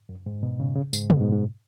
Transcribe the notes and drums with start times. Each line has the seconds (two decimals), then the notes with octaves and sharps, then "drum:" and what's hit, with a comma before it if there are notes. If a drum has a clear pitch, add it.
0.09 F#2
0.26 G#2
0.43 B2
0.60 C#3
0.76 C#3
0.93 G#2, drum: tambourine
1.10 F#2, drum: tom
1.17 B2
1.21 G#2
1.32 G#2